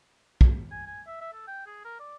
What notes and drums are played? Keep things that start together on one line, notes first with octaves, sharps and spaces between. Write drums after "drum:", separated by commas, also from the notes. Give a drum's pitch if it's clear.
drum: kick
G#5
G#5
E5
E5
A4
G5
G#4
A#4
D5